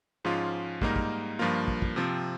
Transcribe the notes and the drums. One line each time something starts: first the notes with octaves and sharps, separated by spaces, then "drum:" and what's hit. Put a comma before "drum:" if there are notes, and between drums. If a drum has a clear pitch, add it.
G#2 F3 G#3 C#4 F4
G#2 G3 A#3 D#4 A#4, drum: kick
drum: kick
G2 F3 A#3 F4
drum: kick
drum: kick
C3 F3 C4